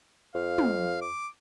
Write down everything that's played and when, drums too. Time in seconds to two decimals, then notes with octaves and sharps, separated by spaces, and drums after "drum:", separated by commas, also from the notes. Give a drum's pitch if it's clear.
0.34 F2 F5
0.58 drum: tom
1.01 D6